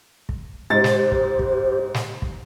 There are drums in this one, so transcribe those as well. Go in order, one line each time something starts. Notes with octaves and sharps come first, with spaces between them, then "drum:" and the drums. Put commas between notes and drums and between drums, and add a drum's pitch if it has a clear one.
drum: kick
G#2 G4 C5 A6
drum: snare
drum: kick
drum: kick
drum: snare
drum: kick